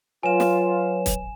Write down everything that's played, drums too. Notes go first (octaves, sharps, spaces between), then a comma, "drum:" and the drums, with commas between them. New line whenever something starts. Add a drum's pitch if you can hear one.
F#3 F4 B4 C#5 G#5 E7
drum: snare
drum: kick, hi-hat